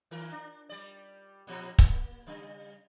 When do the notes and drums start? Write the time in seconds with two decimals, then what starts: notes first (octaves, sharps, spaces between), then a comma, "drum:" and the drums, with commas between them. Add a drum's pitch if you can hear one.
0.11 D#3 A#4
0.32 D4
0.69 G3 D5
1.47 A#2 F3
1.79 A#3, drum: kick
2.27 C#3 G3